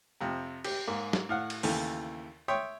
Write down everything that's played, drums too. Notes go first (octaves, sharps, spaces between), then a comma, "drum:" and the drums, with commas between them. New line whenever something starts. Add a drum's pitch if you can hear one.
F2 C3 F3
G4, drum: cymbal
G#2 A#3
drum: snare
A2 F5 F#5
drum: cymbal
D#2 C#3 E3 A3, drum: open hi-hat
C#5 E5 G5 C6 D#6